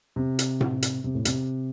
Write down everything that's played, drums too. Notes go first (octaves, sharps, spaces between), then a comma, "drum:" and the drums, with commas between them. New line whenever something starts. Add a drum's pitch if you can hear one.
C3
drum: hi-hat
drum: tom A2
drum: hi-hat
C3
A2
C3, drum: hi-hat